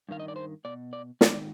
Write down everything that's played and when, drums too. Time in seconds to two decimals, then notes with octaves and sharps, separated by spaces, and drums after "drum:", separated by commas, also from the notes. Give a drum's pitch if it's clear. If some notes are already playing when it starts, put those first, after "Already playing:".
0.09 G2 D#3 F5
0.20 D#5
0.28 D5
0.36 C5
0.65 B2 D5
0.93 D5
1.21 G#2 D#3 D5, drum: snare